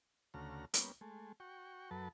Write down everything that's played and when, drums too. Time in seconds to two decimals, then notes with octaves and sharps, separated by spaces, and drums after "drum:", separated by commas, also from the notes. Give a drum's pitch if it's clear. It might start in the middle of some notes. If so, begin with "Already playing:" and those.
0.34 D2 C#3 A3 F#4 A#5 F6
0.74 G3 A#3 B3 C#4, drum: hi-hat
1.01 G#3 A3
1.40 F#4 G5 C#6
1.91 F#2 F#3 A4 B4 A5